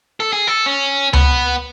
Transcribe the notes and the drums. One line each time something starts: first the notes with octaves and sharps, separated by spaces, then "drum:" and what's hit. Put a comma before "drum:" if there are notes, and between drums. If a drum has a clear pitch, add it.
A4
G#4
A4
C#4
B3, drum: tom C#2